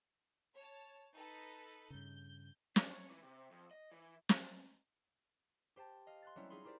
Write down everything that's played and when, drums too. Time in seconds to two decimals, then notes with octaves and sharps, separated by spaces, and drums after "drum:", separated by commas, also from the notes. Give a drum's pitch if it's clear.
0.55 C#5 A5
1.14 D#4 A4 B4
1.90 G2 C#3 G6
2.76 D4, drum: snare
2.91 C#5
3.10 E3
3.23 C3
3.51 F2
3.71 D#5
3.91 E3
4.29 drum: snare
5.76 G4 C5 G5 A5
6.07 D#5 F5
6.22 C6 F#6 A6
6.36 F#3 G3 A3 C4 C#4 E4
6.50 D#4 F4 G#4 B5 C6
6.64 E4 G4 A#4 C5 D5